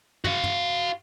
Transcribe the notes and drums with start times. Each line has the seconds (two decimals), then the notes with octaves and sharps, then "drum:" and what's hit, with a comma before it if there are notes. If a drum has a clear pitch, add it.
0.24 F#4 F5, drum: tom
0.44 drum: tom